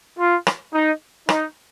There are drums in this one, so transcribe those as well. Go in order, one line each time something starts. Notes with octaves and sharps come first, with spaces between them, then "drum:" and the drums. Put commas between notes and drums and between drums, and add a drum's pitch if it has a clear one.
F4
drum: rim click
D#4
D#4, drum: rim click